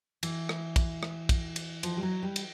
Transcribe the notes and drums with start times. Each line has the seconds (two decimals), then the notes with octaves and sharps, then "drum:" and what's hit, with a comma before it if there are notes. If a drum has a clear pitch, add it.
0.23 E3, drum: cymbal
0.49 drum: rim click
0.76 drum: kick, cymbal
1.03 drum: rim click
1.29 drum: kick, cymbal
1.56 drum: cymbal
1.83 F3, drum: cymbal
1.97 G3
2.03 F#3
2.23 G3
2.36 drum: cymbal